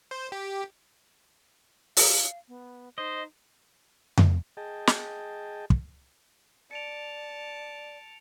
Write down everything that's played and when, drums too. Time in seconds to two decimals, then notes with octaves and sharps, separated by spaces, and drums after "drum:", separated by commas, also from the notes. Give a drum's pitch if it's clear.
0.11 C5
0.32 G4
1.97 F5, drum: open hi-hat
2.48 B3
2.98 D#4 C5 D#5
4.17 drum: tom F2
4.57 G#4 D#5 G5 A5
4.87 drum: snare
5.70 drum: kick
6.71 D5 A5 C#7 D7 F7